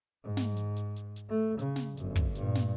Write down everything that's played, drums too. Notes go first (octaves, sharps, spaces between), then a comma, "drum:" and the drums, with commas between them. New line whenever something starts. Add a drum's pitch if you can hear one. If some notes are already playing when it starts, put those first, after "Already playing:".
G#2
drum: snare
drum: hi-hat
drum: hi-hat
drum: hi-hat
drum: hi-hat
A3
C#3, drum: hi-hat
drum: snare
G1 F#2, drum: hi-hat
drum: kick, hi-hat
G2 A#2, drum: hi-hat
drum: snare